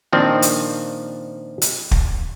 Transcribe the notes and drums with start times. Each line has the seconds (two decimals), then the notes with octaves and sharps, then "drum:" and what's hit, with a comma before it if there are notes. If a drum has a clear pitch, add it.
0.12 A#2 D#3 F3 C4 D4
0.42 drum: hi-hat
1.62 drum: hi-hat
1.91 drum: kick